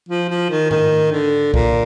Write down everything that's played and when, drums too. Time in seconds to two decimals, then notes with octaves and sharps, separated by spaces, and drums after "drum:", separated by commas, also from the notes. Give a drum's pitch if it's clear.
0.09 F3
0.30 F3
0.50 D#3
0.71 D#3, drum: tom G#2
1.11 D3
1.54 A#2, drum: kick B1